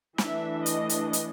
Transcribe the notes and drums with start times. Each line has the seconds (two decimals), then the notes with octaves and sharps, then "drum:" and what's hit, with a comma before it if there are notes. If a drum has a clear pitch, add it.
0.18 E3 A3 D4 E5, drum: snare
0.66 D#5, drum: hi-hat
0.89 drum: hi-hat
1.13 drum: hi-hat